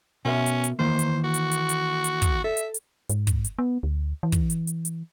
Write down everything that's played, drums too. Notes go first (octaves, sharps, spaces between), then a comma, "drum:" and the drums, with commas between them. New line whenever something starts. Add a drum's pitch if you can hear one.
B2 C#4 A#4 E5
drum: hi-hat
drum: hi-hat
D#3 E3 A#3 C5
drum: hi-hat
F#4
drum: hi-hat
drum: hi-hat
drum: hi-hat
drum: hi-hat
drum: kick, hi-hat
A4 E5
drum: hi-hat
drum: hi-hat
G#2, drum: hi-hat
drum: kick, hi-hat
drum: hi-hat
B3
D2
E3
drum: kick, hi-hat
drum: hi-hat
drum: hi-hat
drum: hi-hat